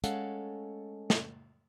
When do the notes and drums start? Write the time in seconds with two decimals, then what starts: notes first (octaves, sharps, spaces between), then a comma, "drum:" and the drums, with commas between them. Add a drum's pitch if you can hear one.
0.04 G#3 A3 C#4 A4 F5 F#5, drum: hi-hat
1.10 drum: snare